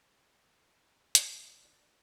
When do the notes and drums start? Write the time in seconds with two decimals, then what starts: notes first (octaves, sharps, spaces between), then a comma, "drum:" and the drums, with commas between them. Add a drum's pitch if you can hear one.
0.19 F#6 A#6 C#7
1.15 G1 A#2, drum: hi-hat
1.64 D4